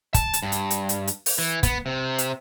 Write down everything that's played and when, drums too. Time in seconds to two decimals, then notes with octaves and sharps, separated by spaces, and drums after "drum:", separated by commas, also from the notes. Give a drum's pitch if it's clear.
0.14 A5, drum: kick, hi-hat
0.33 drum: hi-hat
0.43 G2
0.52 drum: hi-hat
0.70 drum: hi-hat
0.89 drum: hi-hat
1.07 drum: hi-hat
1.26 drum: open hi-hat
1.38 E3
1.63 B3, drum: kick, hi-hat
1.86 C3
2.18 drum: hi-hat